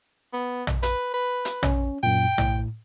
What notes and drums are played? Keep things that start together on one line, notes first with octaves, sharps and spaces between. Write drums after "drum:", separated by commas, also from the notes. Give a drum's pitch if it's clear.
B3
drum: tom A#1
B4, drum: hi-hat
B4
drum: hi-hat
C#4, drum: tom A#1
F#2 A#2 G5
A2, drum: tom A#1